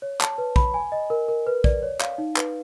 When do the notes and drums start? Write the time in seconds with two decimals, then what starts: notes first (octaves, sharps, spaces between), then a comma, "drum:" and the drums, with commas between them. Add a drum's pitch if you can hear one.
0.02 C#5
0.21 A5, drum: clap
0.38 B4
0.56 B5, drum: kick
0.74 G#5
0.92 D#5
1.10 A#4
1.28 A#4
1.47 B4
1.64 D5, drum: kick
1.83 C#5
2.01 F5, drum: clap
2.18 D#4
2.36 B4, drum: clap